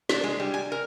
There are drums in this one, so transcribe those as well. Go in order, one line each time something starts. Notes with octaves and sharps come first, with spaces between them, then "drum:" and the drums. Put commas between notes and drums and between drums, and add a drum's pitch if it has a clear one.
D4, drum: snare
G#3
G3
G#5
A#4